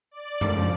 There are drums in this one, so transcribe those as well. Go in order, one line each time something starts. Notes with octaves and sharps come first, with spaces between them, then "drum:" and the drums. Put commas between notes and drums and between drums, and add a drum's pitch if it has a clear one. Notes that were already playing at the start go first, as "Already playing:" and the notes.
D5
F2 C#3 F3, drum: tom F#2